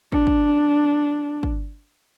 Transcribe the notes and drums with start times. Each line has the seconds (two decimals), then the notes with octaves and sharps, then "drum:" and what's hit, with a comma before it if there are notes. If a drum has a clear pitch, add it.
0.12 D4, drum: kick
0.27 drum: kick
1.43 drum: kick